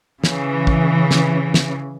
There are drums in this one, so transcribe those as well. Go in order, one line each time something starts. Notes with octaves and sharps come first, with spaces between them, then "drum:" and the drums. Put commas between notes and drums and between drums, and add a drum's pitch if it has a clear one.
C#3 E3, drum: snare
drum: kick
drum: snare
drum: snare